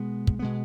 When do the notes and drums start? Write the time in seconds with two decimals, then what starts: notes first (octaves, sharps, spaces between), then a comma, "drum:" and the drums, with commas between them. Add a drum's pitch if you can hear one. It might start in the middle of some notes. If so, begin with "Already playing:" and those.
Already playing: B2 G#3 B3
0.27 drum: kick
0.39 B2 G#3 B3